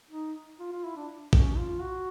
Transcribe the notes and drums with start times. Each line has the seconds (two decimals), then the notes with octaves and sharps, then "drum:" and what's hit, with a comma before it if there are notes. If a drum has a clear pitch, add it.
0.10 D#4
0.59 F4
0.72 F4
0.84 E4
0.96 D4
1.33 C#4, drum: kick
1.57 F4
1.82 F#4